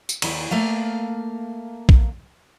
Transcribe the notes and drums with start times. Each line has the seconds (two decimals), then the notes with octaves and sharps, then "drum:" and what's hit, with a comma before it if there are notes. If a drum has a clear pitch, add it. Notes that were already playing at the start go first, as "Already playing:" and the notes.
0.09 drum: tambourine
0.22 D#2 E4, drum: cymbal
0.51 A3 A#3 F5
1.89 drum: kick